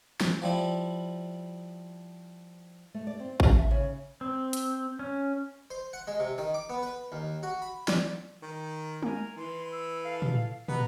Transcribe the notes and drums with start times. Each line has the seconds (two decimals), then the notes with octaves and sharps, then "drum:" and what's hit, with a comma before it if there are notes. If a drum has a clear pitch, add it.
0.21 drum: snare
0.42 F3 G3 E4
2.94 A3
3.07 D5
3.20 C4
3.40 D4, drum: kick A1
3.59 E5
3.71 C#3
4.21 C4
4.53 drum: hi-hat
4.99 C#4
5.70 C5
5.93 F#5
6.07 G#3
6.20 C3
6.38 D#3
6.54 D6
6.70 B3
6.82 B4
7.12 D#2
7.43 F#4
7.62 B5
7.88 D5, drum: snare
8.43 D#3
9.02 A#4 G#5, drum: tom
9.36 E3 C6
9.71 E6
10.03 A4 F5
10.22 drum: tom
10.68 B3 F#5 A#5 F#6, drum: tom